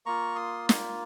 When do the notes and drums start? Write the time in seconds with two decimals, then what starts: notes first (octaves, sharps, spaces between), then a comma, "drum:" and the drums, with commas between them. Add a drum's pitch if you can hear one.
0.06 A#3 F4 A#5 C#6
0.35 C6 D#6
0.69 drum: snare